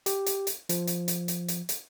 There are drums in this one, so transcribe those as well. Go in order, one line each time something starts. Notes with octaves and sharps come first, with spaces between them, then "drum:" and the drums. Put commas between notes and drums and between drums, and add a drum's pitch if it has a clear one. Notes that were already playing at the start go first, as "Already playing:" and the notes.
G4, drum: hi-hat
drum: hi-hat
drum: hi-hat
F3, drum: hi-hat
drum: hi-hat
drum: hi-hat
drum: hi-hat
drum: hi-hat
drum: hi-hat